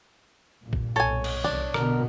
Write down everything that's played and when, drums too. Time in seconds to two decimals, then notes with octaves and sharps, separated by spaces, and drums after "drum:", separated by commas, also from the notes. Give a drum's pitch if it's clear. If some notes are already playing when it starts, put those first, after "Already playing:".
0.62 G2 A#2
0.73 drum: kick
0.96 B1 A4 C#5 G#5
1.24 drum: cymbal
1.44 C2 D4, drum: snare
1.74 B2 D3 B3 A#4, drum: rim click